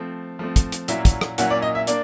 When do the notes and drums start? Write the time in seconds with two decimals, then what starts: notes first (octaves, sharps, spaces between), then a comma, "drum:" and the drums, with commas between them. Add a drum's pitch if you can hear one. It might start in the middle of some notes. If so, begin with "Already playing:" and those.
Already playing: F3 A3 C4
0.39 F3 A3 C4
0.56 drum: kick, hi-hat
0.72 drum: hi-hat
0.88 A#2 F#3 A#3 C#4 E4 E5, drum: hi-hat
1.05 drum: kick, hi-hat
1.21 drum: rim click
1.38 A#2 F#3 A#3 C#4 E4 F#5, drum: hi-hat
1.50 D5
1.62 D#5
1.75 E5
1.87 A#3 D4 D5, drum: hi-hat